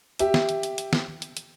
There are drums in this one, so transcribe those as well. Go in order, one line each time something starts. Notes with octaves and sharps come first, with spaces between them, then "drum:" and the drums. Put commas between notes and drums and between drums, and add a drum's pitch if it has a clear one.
G4 E5, drum: hi-hat
drum: snare
drum: hi-hat
drum: hi-hat
drum: hi-hat
drum: snare
drum: hi-hat
drum: hi-hat